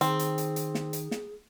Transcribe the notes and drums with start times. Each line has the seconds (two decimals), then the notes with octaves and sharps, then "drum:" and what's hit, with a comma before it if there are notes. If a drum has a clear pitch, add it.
0.01 D#3 C4 G#4, drum: hi-hat
0.19 drum: hi-hat
0.38 drum: hi-hat
0.56 drum: hi-hat
0.75 drum: snare
0.93 drum: hi-hat
1.11 drum: snare